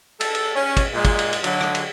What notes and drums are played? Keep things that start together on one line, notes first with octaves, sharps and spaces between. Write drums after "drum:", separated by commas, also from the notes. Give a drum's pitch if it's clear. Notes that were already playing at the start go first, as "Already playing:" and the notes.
A4, drum: cymbal
drum: cymbal
C#4
drum: kick, cymbal
A#2 G#3
drum: kick, cymbal
drum: cymbal
drum: cymbal
D3 F#3, drum: cymbal
drum: rim click
drum: cymbal